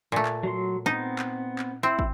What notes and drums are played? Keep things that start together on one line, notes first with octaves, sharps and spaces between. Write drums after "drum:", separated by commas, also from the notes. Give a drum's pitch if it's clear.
A#2 A3
drum: clap
F#3 C6
B3 C4 D#4
drum: clap
drum: clap
C4 E4
drum: kick